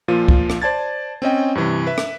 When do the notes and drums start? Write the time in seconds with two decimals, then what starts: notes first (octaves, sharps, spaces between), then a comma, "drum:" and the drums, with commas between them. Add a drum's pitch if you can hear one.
0.08 A#2 F3 F4 D#7
0.28 drum: kick C2
0.50 drum: rim click
0.62 C5 D5 A5 G#6 A6
1.22 C4 C#4 D#5 G5
1.55 G2 C3 E3
1.87 B4 E5
1.98 drum: rim click